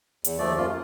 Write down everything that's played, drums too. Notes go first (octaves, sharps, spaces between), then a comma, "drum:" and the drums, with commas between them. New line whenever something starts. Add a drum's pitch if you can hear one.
E2, drum: hi-hat
D#2 F3 A3 D5
F#2 F4
A#3